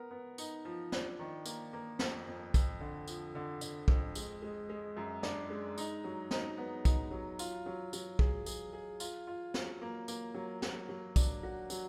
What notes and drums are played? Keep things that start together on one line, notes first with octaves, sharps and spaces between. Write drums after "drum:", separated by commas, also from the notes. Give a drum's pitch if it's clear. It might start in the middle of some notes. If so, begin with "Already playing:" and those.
Already playing: B3 A#4
B3
D#4, drum: tambourine
F3
D4, drum: snare
D#3
A#3, drum: tambourine
A#3
F2, drum: snare
F2
F2, drum: kick, tambourine
D3
F3, drum: tambourine
D3
D3, drum: tambourine
F2, drum: kick
G#3, drum: tambourine
G#3
G#3
F#2
D4, drum: snare
G#3
D#4, drum: tambourine
F#3
D#4, drum: snare
B3
D#4, drum: kick, tambourine
F#3
F4, drum: tambourine
F#3
F#3, drum: tambourine
G#4, drum: kick
G#4, drum: tambourine
G#4
F4, drum: tambourine
F4
F#3, drum: snare
A#3
A#3, drum: tambourine
F#3
F#3, drum: snare
F#3
D4, drum: kick, tambourine
F#4
F#3, drum: tambourine